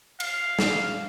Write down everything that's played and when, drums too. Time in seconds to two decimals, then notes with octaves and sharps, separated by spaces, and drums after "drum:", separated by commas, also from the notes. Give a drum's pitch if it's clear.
0.20 F5, drum: cymbal
0.59 drum: snare